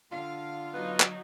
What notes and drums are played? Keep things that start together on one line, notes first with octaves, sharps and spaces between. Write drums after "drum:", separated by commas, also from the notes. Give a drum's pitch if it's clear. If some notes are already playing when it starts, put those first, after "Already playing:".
D3 F4 F5
F#3 B3 D#4
drum: clap